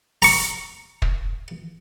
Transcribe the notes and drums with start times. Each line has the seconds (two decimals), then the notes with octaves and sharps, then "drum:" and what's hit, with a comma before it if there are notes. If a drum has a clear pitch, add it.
0.22 A#5 C#6, drum: open hi-hat
1.02 drum: kick